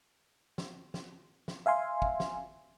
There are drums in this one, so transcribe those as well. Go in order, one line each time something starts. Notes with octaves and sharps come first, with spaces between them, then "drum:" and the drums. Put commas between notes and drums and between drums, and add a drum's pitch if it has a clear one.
drum: snare
drum: snare
drum: snare
E5 F5 G#5 C6
drum: kick
drum: snare